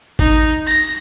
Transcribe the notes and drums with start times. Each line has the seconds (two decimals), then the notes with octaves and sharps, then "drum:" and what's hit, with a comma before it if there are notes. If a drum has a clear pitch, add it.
0.19 D#4, drum: kick G#1
0.67 A#6